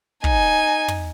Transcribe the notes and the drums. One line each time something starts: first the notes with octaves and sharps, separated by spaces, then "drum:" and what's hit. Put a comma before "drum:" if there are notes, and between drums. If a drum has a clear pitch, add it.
D#4 G#5, drum: kick
drum: tom